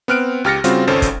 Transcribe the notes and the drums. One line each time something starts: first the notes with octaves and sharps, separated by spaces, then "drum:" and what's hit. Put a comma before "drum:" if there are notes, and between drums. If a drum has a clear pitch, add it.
B3 C4 F6 F#6 D7
C#2 G4 F6 A6 A#6 C#7
C#3 G3 C4 F4 F#4, drum: hi-hat
G#1 C#2 C#4 A4 C5
drum: kick, hi-hat